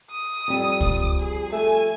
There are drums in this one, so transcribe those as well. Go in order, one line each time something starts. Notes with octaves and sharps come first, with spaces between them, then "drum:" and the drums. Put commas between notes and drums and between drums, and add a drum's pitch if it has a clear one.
D#6
F2 G3
drum: kick
G#4
A3 G#5